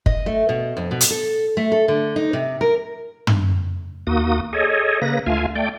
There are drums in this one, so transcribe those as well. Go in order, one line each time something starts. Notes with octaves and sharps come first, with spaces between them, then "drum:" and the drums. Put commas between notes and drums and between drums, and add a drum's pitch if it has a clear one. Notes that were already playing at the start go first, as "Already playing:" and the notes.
D#5, drum: kick
A3
B2
F2
B2
drum: hi-hat
A4
A3
A4
D3
D#4
C3
A#4
drum: tom
D#2 A#3 F#4 D#6
G#4 A4 C#5 D#5
C#3 A#3 B4 A#6
D2 A3 F4 F5 G#5
A3 D5 G5